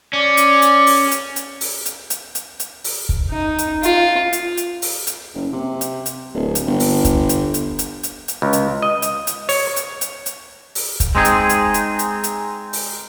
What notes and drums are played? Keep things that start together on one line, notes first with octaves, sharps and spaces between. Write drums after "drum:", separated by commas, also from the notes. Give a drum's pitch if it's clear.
C#4 D5
drum: hi-hat
drum: hi-hat
drum: open hi-hat
drum: hi-hat
drum: hi-hat
drum: open hi-hat
drum: hi-hat
drum: hi-hat
drum: hi-hat
drum: hi-hat
drum: open hi-hat
drum: kick
D#4
drum: hi-hat
F4, drum: hi-hat
drum: hi-hat
drum: hi-hat
drum: open hi-hat
drum: hi-hat
F#1
C3
drum: hi-hat
drum: hi-hat
D1
drum: hi-hat
G1
drum: open hi-hat
drum: kick, hi-hat
drum: hi-hat
drum: hi-hat
drum: hi-hat
drum: hi-hat
drum: hi-hat
C#2
drum: hi-hat
D#5
drum: hi-hat
drum: hi-hat
C#5, drum: open hi-hat
drum: hi-hat
drum: hi-hat
drum: hi-hat
drum: open hi-hat
drum: kick, hi-hat
G#3 C4 D#4 G#4
drum: hi-hat
drum: hi-hat
drum: hi-hat
drum: hi-hat
drum: hi-hat
drum: open hi-hat